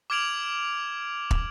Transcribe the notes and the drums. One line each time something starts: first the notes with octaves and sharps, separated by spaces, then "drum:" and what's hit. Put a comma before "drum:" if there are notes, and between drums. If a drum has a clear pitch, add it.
D6 F6 G#6 D7 F7 F#7
drum: kick